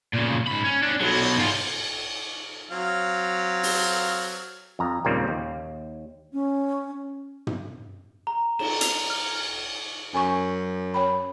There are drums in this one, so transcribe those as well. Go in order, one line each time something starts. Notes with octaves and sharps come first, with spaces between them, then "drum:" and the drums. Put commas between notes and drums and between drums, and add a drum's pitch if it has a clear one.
A#2 C#3
G#2 B5
C#4
C#4 D4
B2 F#3, drum: cymbal
G#2 F4
F#3 C4 F5
drum: open hi-hat
F2 A#5
D#2 A#2 C#3 G3 A#3 C4
D#2
C#4
drum: tom
A#5
E7, drum: cymbal
F7, drum: hi-hat
F6
F#2 G#5 C#6
C#5 G5 B5